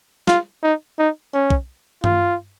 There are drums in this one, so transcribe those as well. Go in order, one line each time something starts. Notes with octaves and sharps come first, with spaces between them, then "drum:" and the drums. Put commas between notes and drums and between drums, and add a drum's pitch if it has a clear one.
F4, drum: snare
D#4
D#4
C#4
drum: kick
F4, drum: tom G2